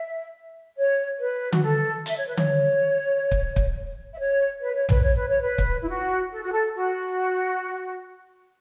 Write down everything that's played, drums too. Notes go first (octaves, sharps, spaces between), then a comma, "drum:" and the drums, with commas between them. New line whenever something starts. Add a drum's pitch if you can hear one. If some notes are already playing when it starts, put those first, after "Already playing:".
Already playing: E5
C#5
B4
F#4, drum: tom D3
A4
E5, drum: hi-hat
C#5
B4
C#5, drum: tom D3
drum: kick
drum: kick
E5
C#5
B4
C#5
B4, drum: tom
C#5
B4
C#5
B4
drum: kick
E4
F#4
A4
F#4
A4
F#4